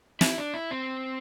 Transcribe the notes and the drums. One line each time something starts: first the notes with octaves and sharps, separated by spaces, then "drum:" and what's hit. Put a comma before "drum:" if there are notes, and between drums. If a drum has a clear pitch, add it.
E4, drum: snare
D4
E4
C4